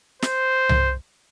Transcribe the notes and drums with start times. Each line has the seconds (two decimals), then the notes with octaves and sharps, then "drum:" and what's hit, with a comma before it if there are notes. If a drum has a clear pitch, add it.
0.22 C5, drum: snare
0.69 drum: tom C2